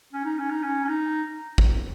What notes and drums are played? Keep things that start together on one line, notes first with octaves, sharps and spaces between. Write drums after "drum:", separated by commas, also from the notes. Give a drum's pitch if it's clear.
C#4
D#4
C#4
D#4
C#4
C#4
D#4
drum: kick A1